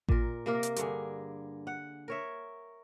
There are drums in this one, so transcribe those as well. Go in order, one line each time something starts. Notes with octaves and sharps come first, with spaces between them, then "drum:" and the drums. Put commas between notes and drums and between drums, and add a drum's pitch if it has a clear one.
A#2 A#4, drum: kick A1
C3 A#3 A#4
drum: hi-hat
G2 D3 G#4, drum: hi-hat
F#5
A#4 C#5 E5